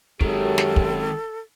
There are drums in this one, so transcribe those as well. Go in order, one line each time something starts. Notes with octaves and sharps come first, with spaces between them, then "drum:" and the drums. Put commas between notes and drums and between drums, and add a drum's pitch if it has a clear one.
F#2 D#3 G#3 G4 A4, drum: kick
drum: snare
drum: kick